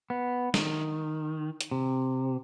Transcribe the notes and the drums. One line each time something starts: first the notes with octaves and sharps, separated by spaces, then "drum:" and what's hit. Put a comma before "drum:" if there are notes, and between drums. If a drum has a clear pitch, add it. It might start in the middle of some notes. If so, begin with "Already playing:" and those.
B3
D#3, drum: snare
drum: hi-hat
C3